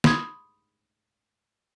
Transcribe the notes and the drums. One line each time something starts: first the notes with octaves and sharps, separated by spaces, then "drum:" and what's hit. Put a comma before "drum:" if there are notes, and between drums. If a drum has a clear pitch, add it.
B5 C6 D#6 G#6, drum: snare